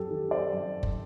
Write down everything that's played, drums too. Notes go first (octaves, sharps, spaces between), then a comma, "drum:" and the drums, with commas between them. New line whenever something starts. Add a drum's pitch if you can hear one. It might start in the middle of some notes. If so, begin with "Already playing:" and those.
Already playing: F#2 G4 A4
D#3
C5 D5
F#2
drum: kick